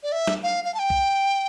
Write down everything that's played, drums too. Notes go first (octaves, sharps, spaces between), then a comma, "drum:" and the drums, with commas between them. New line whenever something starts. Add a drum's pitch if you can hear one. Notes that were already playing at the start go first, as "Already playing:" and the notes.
D5
E5
drum: snare
F5
F5
A5
G5
drum: kick B1